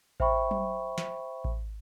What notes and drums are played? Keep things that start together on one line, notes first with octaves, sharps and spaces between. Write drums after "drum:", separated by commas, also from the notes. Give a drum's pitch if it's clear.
C5 E5 G5 B5 C#6, drum: kick A1
drum: tom F#3
drum: snare
drum: kick A1